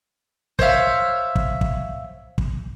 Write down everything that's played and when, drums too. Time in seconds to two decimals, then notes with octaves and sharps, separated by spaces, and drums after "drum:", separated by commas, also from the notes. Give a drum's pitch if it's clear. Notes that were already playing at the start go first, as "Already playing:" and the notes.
0.59 C5 C#5 E5 F5, drum: kick
1.35 drum: kick
1.61 drum: kick
2.38 drum: kick